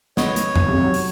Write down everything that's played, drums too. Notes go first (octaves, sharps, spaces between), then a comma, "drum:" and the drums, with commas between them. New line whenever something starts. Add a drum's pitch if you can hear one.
B3 C#5 D#5, drum: snare
drum: hi-hat
drum: tom F2
B1 C3
F#3
drum: open hi-hat